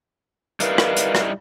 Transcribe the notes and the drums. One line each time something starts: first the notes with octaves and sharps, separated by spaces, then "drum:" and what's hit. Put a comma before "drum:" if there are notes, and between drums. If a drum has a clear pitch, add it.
G3 D#4 E4 A#4 B4 F5, drum: hi-hat
drum: rim click
drum: hi-hat
drum: rim click